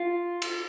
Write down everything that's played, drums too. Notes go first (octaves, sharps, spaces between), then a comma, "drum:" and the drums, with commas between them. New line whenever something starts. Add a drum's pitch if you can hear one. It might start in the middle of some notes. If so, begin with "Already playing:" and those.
Already playing: F4
drum: cymbal